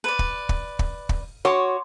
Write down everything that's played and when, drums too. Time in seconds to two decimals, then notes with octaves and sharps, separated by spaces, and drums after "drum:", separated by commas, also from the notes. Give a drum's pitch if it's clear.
0.04 B4 D5
0.19 drum: kick
0.49 drum: kick
0.79 drum: kick
1.09 drum: kick
1.45 F#4 C#5 C6 D6